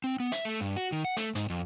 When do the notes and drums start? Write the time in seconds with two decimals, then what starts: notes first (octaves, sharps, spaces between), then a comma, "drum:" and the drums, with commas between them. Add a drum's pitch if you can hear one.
0.04 C4
0.20 B3
0.32 E5, drum: hi-hat
0.45 A3
0.60 G2
0.77 F#4
0.92 D#3
1.05 F#5
1.17 A3, drum: hi-hat
1.35 G#2, drum: hi-hat
1.50 F2